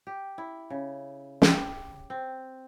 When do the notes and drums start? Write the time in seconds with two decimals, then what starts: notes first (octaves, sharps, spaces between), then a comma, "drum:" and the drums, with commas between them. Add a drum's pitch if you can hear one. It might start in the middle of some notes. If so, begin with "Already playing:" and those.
0.07 G4
0.38 E4
0.70 C#3
1.42 G4, drum: snare
2.10 C4